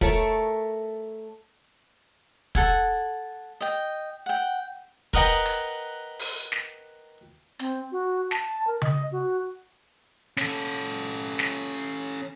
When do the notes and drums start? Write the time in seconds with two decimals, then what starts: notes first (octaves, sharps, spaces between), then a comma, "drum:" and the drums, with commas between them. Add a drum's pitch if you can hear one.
0.01 A3 A#4 C#5 A5, drum: kick
2.55 A4 F#5 G#5, drum: kick
3.61 D#5 G5
4.26 F#5 G5
5.13 A#4 B4 D#5 F#5 G5 A#5, drum: kick
5.46 drum: hi-hat
6.19 drum: open hi-hat
6.52 drum: snare
7.59 C4, drum: hi-hat
7.92 F#4
8.31 A5, drum: snare
8.67 A#4
8.82 D#5, drum: tom C#3
9.12 F#4
10.37 C#4 A4, drum: snare
11.39 drum: snare